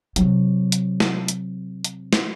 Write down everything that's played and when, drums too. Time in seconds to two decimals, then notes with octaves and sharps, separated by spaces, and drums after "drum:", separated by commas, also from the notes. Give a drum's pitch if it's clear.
0.16 C3 F#3, drum: hi-hat
0.72 drum: hi-hat
1.00 drum: snare
1.28 drum: hi-hat
1.84 drum: hi-hat
2.13 drum: snare